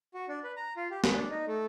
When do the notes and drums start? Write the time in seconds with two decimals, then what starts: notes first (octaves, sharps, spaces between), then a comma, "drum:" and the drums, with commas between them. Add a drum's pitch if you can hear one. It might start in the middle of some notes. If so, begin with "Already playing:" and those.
0.14 F#4
0.29 D4
0.44 B4
0.57 A#5
0.77 F4
0.91 G4
1.04 B4, drum: snare
1.16 D4
1.31 D#4
1.48 A3